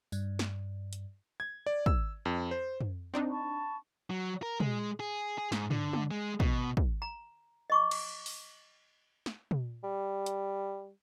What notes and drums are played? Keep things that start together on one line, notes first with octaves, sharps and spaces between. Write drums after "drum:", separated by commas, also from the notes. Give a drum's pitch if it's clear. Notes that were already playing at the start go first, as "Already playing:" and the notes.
G2, drum: tambourine
drum: snare
drum: hi-hat
G#6
D5
E6, drum: kick
F2
C5
drum: tom
C4 D4 D#4
A5 B5 C#6
F#3
A#4
G#3, drum: tom
G#4
G#4
G#2, drum: snare
D3, drum: tom
drum: tom
G#3
B2, drum: kick
drum: kick
A#5
D#5 C#6 D6
drum: cymbal
drum: open hi-hat
drum: snare
drum: tom
G3
drum: hi-hat